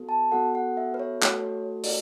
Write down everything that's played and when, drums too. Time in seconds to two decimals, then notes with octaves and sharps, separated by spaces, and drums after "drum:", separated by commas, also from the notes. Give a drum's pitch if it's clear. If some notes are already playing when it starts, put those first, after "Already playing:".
Already playing: B3 F#4 A4
0.09 A5
0.32 B3 F#4 A4 F#5
0.55 F#5
0.77 E5
0.94 B4
0.99 C#5
1.23 A3 F#4 A4, drum: clap
1.83 drum: open hi-hat